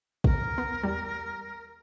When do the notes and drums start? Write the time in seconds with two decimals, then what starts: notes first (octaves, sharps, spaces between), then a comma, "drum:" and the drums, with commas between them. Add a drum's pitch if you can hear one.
0.24 A#4, drum: kick
0.58 B3
0.83 E2 G3